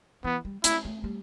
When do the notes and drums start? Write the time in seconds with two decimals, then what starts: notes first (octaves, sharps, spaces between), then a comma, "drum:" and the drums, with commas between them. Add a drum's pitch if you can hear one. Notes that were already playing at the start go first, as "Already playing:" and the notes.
0.24 E3 B3
0.45 G3
0.64 A3 E4, drum: hi-hat
0.85 A3
1.04 G3